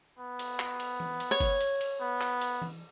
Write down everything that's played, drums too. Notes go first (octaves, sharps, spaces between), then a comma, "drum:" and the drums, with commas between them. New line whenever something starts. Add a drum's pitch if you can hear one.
B3
drum: cymbal
drum: clap
drum: cymbal
drum: tom E3
drum: cymbal
C#5
drum: kick G1, cymbal
drum: cymbal
drum: cymbal
B3
drum: clap
drum: cymbal
drum: tom E3